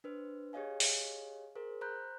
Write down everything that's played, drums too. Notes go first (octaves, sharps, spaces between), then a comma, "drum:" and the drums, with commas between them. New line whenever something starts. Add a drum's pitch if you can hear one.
D4 B4 C5
G4 G#4 C#5 D#5 F5 G#5
drum: open hi-hat
G#4 A#4 C5
C5 A#5 B5 F#6 G6